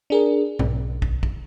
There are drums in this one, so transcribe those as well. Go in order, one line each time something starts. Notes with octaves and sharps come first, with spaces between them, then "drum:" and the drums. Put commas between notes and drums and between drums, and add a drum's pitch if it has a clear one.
D4 G#4 A#4
B1, drum: tom G#2
drum: kick
drum: kick